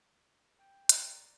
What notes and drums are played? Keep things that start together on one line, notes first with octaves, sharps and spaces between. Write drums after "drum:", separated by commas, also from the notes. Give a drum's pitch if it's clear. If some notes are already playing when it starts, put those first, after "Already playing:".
G5
D5 A#5, drum: hi-hat